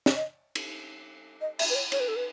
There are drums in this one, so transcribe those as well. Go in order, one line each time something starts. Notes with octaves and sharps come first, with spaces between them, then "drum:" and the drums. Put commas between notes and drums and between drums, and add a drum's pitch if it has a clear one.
drum: snare
D#5
drum: cymbal
D#5
E5, drum: cymbal
B4
C#5
C#5, drum: cymbal
B4
A4
B4